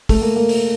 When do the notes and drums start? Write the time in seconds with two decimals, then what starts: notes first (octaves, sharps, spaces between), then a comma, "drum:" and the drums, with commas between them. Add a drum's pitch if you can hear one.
0.09 A3, drum: kick, open hi-hat
0.22 A#3
0.36 A#3
0.49 drum: open hi-hat